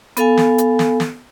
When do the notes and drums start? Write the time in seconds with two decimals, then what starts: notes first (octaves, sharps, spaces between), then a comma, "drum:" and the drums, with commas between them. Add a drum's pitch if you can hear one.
0.17 B3 A4 F5 G#5, drum: hi-hat
0.37 drum: snare
0.58 drum: hi-hat
0.79 drum: snare
1.00 drum: snare